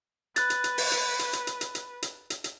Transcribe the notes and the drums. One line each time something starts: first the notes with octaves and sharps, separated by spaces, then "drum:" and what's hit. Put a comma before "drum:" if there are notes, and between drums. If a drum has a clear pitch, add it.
B4 F#6 A6, drum: hi-hat
drum: hi-hat
drum: hi-hat
drum: open hi-hat
drum: hi-hat
drum: hi-hat
drum: hi-hat
drum: hi-hat
drum: hi-hat
drum: hi-hat
drum: hi-hat
drum: hi-hat
drum: hi-hat